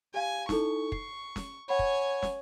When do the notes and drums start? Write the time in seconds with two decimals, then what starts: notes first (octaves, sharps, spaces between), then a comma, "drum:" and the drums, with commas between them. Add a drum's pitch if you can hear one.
0.14 G4 F5 G#5
0.49 D#4 E4 A4 C#6, drum: snare
0.92 C7, drum: kick
1.36 drum: snare
1.69 C#5 F#5 G#5 B5
1.79 drum: kick
2.23 drum: snare